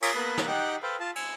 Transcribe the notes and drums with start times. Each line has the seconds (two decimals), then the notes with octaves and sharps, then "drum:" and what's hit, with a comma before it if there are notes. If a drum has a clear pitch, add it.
0.02 F4 A#4 C#5 G#5 D6, drum: cymbal
0.15 A#3 B3 B4 F#6
0.37 drum: snare
0.47 D#4 G4 F#5 G5 F#6
0.83 A4 B4 C5 F5 G5
1.00 F4 A5
1.16 G#5 E6, drum: cymbal